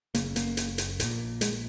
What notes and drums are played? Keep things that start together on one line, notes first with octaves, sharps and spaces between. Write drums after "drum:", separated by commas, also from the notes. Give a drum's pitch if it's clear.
F#1 F#2 C#3 A#3, drum: hi-hat
A#3, drum: hi-hat
drum: hi-hat
drum: hi-hat
A#1 A#2, drum: hi-hat
G#3, drum: hi-hat